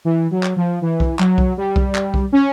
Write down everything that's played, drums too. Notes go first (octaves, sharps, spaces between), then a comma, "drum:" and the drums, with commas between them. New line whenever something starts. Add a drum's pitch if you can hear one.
E3
F#3
drum: clap
F3
E3
drum: kick B1
F#3, drum: clap
drum: kick B1
G3
drum: kick B1
drum: clap
drum: kick B1
C#4